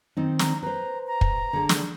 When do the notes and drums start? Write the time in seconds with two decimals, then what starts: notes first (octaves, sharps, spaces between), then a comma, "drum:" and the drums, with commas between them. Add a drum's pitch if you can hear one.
0.17 D#3 C4 D#4
0.39 A#5, drum: snare
0.63 B4 C5 A#5
1.07 A#5
1.21 drum: kick
1.53 D3 G#4
1.69 drum: snare